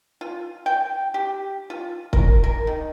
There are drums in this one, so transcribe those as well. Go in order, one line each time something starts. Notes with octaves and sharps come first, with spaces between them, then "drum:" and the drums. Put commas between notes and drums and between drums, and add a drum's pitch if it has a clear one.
F4
G5
G4
F4
A#4, drum: kick
A#4
D#3